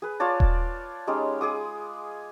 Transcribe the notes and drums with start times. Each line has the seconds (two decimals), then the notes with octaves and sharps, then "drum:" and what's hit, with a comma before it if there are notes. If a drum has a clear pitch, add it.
0.02 G#4 B4
0.20 F4 C#5 D5 A5
0.40 drum: kick D#1
1.07 G#3 C#4 D#4 G4
1.41 G#4 D6 D#6